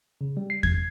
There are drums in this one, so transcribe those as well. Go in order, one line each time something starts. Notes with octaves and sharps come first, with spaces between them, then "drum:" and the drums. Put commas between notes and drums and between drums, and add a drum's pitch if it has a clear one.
C#3
G3
C7
G#6, drum: kick E2